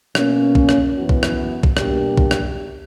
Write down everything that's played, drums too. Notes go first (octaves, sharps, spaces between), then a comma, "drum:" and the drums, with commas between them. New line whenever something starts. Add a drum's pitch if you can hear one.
B2 A#3 C#4, drum: rim click
drum: kick
drum: rim click
F#2 E3 B3 F#4
drum: kick
drum: rim click
drum: kick
B2 G3 A#3 D4 G4, drum: rim click
drum: kick
drum: rim click